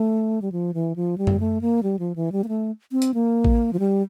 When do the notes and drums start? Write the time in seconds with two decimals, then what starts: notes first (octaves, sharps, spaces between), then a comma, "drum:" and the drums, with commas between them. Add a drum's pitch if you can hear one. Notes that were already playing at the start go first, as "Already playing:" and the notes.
Already playing: A3
0.42 G3
0.52 F3
0.74 E3
0.96 F3
1.18 G3
1.27 drum: tom F#2
1.40 A3
1.61 A#3
1.83 G3
1.99 F3
2.16 E3
2.32 G3
2.44 A#3
2.48 A3
2.92 C4
3.02 drum: hi-hat
3.14 A#3
3.45 drum: kick A1
3.73 F3
3.79 G3